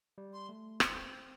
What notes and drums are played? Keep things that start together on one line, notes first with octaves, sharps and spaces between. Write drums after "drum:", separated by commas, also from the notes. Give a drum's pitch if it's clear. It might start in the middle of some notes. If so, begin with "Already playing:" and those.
G3
C6
A3
C4 C6, drum: rim click